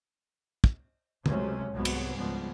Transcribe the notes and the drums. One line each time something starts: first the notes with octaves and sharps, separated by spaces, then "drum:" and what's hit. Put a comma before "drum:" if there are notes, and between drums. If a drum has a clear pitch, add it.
drum: kick
C#2 C3 F#3 G#3 A3 C#4, drum: tom
C2 G#2 C3 F#3 G#3 B3
drum: cymbal
C#2 G#2 F3 G3 B3